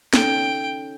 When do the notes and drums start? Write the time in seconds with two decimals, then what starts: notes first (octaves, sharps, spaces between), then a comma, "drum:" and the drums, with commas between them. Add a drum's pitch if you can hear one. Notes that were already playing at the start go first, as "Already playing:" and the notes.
0.13 C#4 D#4 A4 G5, drum: snare